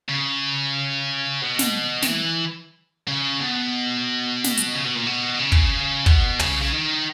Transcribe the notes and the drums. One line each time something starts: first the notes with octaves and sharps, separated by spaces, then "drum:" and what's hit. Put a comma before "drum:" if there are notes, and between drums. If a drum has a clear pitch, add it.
C#3
B2
drum: snare
D#3, drum: snare
E3
C#3
B2
drum: snare
drum: hi-hat
C#3
B2
A#2
B2
C#3
drum: kick
B2, drum: kick
C#3, drum: tom
C#3
D#3